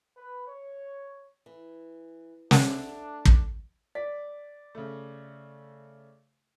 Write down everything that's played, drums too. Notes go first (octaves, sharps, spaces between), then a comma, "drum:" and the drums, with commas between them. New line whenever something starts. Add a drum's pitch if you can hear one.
B4
C#5
E3
A3 D4 E5, drum: snare
drum: kick
D5 B6
C#3 A3